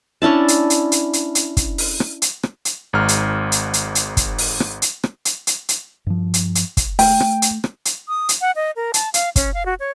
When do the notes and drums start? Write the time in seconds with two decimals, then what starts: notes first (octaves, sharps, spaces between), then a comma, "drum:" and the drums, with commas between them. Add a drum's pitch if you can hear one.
0.22 C#4 D4 E4 A5
0.48 drum: hi-hat
0.70 drum: hi-hat
0.92 drum: hi-hat
1.13 drum: hi-hat
1.35 drum: hi-hat
1.57 drum: kick, hi-hat
1.78 drum: open hi-hat
2.00 drum: rim click
2.22 drum: hi-hat
2.43 drum: rim click
2.65 drum: hi-hat
2.93 G#1 G#2 A#5 F6
3.08 drum: hi-hat
3.52 drum: hi-hat
3.73 drum: hi-hat
3.95 drum: hi-hat
4.17 drum: kick, hi-hat
4.39 drum: open hi-hat
4.60 drum: rim click
4.82 drum: hi-hat
5.04 drum: rim click
5.25 drum: hi-hat
5.47 drum: hi-hat
5.69 drum: hi-hat
6.07 G2 F3
6.34 drum: hi-hat
6.55 drum: hi-hat
6.77 drum: kick, hi-hat
6.99 A3 G5, drum: open hi-hat
7.20 drum: rim click
7.42 drum: hi-hat
7.64 drum: rim click
7.85 drum: hi-hat
8.08 D#6
8.29 drum: hi-hat
8.41 F#5
8.56 D#5
8.76 A#4
8.94 A5, drum: hi-hat
9.14 F5, drum: hi-hat
9.36 C#4, drum: kick, hi-hat
9.54 F5
9.66 F#4
9.80 C#5